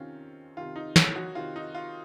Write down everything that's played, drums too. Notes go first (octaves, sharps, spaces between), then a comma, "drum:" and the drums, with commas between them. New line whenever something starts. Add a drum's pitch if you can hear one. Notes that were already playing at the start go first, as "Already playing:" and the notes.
Already playing: C3 D#3 C4 C#4 F4
C3 D#3 F4
D#4
C#5, drum: snare
F#4
C3 D#3 F4
D#4
F4